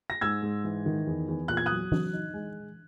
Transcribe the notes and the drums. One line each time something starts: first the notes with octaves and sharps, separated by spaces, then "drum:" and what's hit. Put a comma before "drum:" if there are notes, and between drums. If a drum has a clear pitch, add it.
A#6
G#2 E6 G#6
G#2
E3
D#3
E2
E2
A#2 F#6
G#6
F#3 D#6 F#6
F#3, drum: tom E3
D#4
G#3